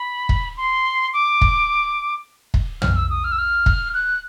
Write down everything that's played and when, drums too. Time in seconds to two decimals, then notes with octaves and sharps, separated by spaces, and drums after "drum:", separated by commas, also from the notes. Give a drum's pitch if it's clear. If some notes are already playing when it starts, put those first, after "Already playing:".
Already playing: B5
0.29 drum: kick
0.57 C6
1.13 D6
1.41 drum: kick
2.54 drum: kick
2.82 F6, drum: tom
2.96 E6
3.10 D#6
3.24 F6
3.32 E6
3.39 F6
3.66 drum: kick
3.94 F#6